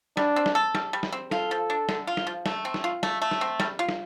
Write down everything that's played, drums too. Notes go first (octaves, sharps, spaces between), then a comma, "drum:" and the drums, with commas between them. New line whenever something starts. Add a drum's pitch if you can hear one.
G3 D4, drum: snare
C4
drum: snare
A4
G3, drum: snare
G3
drum: snare
C4
F4 A4, drum: snare
F3
D4
D3, drum: snare
F4
drum: snare
F3
A3, drum: snare
C4
drum: snare
F4
A3, drum: snare
A3
drum: snare
C4
G3, drum: snare
F4
drum: snare